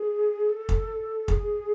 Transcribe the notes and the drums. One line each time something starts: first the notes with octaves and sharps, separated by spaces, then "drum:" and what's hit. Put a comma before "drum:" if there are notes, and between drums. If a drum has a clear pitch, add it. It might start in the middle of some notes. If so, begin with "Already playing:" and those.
Already playing: G#4
A4
drum: kick
G#4, drum: kick